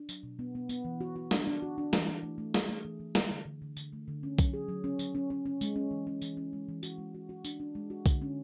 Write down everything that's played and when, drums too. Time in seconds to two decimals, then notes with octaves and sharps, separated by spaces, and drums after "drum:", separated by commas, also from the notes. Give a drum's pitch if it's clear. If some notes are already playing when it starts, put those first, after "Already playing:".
Already playing: D4
0.09 F#3, drum: tambourine
0.23 B2
0.39 B3
0.55 B3
0.69 B3, drum: tambourine
0.85 E3
1.01 F#4
1.16 F#4
1.31 D4, drum: snare
1.47 D4
1.62 F#4
1.78 D4
1.93 E3, drum: snare
2.08 E3
2.23 A3
2.38 A3
2.54 G#4, drum: snare
2.69 A3
2.84 E3
3.00 E3
3.15 D3, drum: snare
3.30 D3
3.46 D3
3.62 D3
3.77 D3, drum: tambourine
3.93 A3
4.08 D3
4.23 C#4
4.39 F#3, drum: kick B1, tambourine
4.54 G#4
4.69 F#3
4.84 C#4
4.99 F#3, drum: tambourine
5.15 C#4
5.30 C#4
5.46 C#4
5.61 G#3, drum: tambourine
5.76 C#4
5.91 E3
6.07 C#4
6.22 E3, drum: tambourine
6.37 C#4
6.53 G#3
6.69 E3
6.83 F#4, drum: tambourine
6.98 G#3
7.15 F#4
7.29 F#4
7.45 D4, drum: tambourine
7.60 D4
7.75 G#3
7.90 F#4
8.06 D3, drum: kick B1, tambourine
8.22 C#4